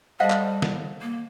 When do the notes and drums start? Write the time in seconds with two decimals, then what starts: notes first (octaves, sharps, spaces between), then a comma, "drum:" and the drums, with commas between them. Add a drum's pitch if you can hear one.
0.20 G3 A4 C5 D#5 F5 F#5
0.30 drum: clap
0.62 drum: snare
1.02 A#3